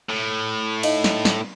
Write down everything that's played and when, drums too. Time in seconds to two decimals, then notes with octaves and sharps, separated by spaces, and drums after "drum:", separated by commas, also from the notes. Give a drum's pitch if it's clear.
0.09 A2
0.83 D#4 D#5 F5, drum: cymbal
1.04 drum: snare
1.25 drum: snare